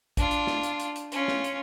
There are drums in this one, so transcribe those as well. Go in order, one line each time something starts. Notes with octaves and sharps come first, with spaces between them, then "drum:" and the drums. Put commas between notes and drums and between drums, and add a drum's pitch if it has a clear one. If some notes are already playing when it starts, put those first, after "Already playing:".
D4 F4, drum: kick, hi-hat
drum: hi-hat
drum: snare
drum: hi-hat
drum: hi-hat
drum: hi-hat
C#4 F4, drum: hi-hat
drum: snare
drum: hi-hat